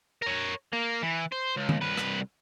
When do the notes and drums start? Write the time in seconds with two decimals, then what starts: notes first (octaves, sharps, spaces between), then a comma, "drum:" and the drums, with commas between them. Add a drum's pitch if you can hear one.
0.22 A#4 C#5
0.73 A#3
1.03 E3
1.32 C5
1.57 C#2
1.69 drum: tom D#3
1.82 C2 B4
1.97 drum: rim click